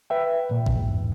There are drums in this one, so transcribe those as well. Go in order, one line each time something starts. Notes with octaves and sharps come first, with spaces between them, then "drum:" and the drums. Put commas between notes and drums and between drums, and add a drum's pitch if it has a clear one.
B4 E5 G5
A#2
drum: kick
E2 G#2